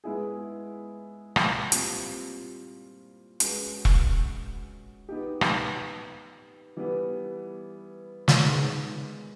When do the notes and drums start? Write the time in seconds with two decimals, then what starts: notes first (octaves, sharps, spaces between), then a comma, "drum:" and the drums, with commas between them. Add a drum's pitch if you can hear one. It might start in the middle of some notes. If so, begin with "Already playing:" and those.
0.04 G#3 B3 E4 G#4
1.36 drum: rim click
1.72 A#2 G3 C4 F4, drum: hi-hat
3.40 G#3 C#4 F#4 B4, drum: hi-hat
3.85 drum: kick E1
5.09 B3 D#4 G4
5.41 drum: rim click
6.77 E3 G3 B3
8.28 drum: snare
8.43 D#3 G#3 B3